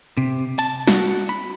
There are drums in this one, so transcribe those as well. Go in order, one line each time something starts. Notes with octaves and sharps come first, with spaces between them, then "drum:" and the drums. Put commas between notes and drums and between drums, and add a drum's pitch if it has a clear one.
C3
A5, drum: hi-hat
F#4, drum: snare
B5